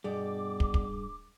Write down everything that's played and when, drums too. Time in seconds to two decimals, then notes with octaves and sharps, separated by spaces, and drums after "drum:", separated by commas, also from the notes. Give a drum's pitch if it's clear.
0.04 G2 B2 G#4 D5 G5 D6
0.60 drum: kick
0.74 drum: kick